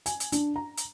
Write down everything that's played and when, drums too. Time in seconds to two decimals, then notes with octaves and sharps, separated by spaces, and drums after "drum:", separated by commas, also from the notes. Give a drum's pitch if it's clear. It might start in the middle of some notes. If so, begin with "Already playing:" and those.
0.06 G#5, drum: hi-hat
0.20 drum: hi-hat
0.32 D4, drum: hi-hat
0.56 A#5
0.77 drum: hi-hat